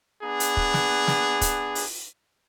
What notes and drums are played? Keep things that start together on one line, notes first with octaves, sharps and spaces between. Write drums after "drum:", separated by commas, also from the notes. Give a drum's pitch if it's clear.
B3 D4 G#4
drum: hi-hat
drum: kick
drum: snare
drum: snare
drum: kick, hi-hat
drum: open hi-hat